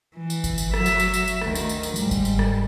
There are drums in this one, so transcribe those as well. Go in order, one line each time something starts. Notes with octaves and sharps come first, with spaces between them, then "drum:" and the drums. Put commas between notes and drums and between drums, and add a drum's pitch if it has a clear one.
E3
drum: tambourine
drum: kick G1, tambourine
drum: tambourine
F#3 E5, drum: rim click
drum: tambourine
drum: tambourine
drum: tambourine
drum: tambourine
D2 D#3, drum: rim click
drum: tambourine
drum: tambourine
drum: tambourine
G#2 G3, drum: tambourine
drum: kick G1, tambourine
drum: tambourine
drum: rim click